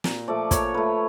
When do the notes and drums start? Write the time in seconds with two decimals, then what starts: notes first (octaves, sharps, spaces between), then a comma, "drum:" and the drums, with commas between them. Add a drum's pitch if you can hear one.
0.04 A#2, drum: snare
0.28 F3 A3 D5
0.51 A#2 C#5, drum: kick, hi-hat
0.74 F3 A3 B4